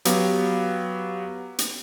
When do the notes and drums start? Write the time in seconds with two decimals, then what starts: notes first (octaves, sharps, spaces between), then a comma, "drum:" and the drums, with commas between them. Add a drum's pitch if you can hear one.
0.05 F#3 B3 G4 F5, drum: hi-hat
1.59 drum: hi-hat